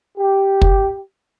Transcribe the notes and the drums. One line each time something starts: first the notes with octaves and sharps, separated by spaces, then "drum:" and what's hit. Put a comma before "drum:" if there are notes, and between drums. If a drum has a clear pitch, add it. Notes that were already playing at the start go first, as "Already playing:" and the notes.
G4
drum: kick